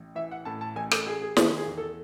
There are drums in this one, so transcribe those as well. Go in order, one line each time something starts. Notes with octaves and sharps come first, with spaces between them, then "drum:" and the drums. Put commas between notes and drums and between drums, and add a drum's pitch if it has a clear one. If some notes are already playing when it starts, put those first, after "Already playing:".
Already playing: A1
E3 E5
F#5
A2 A5
A5
A1 G#5
A4, drum: rim click
A1 G#4
G#4
D#3 A4, drum: snare
G#4
E2
A4